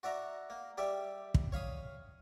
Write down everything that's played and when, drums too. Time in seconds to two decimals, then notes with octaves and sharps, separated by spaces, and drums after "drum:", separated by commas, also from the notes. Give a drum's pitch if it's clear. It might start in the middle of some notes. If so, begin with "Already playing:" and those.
0.03 F#4 D5 E5 A#5
0.50 A#3
0.78 G3 G4 D5 E5
1.34 drum: kick
1.52 C#5 F5 B5 D#6